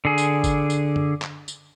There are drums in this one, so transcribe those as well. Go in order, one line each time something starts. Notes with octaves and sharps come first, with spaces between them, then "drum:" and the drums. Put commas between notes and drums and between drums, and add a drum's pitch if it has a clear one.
D3 G#4
drum: tambourine
drum: kick, tambourine
drum: tambourine
drum: tom F#2
drum: clap
drum: tambourine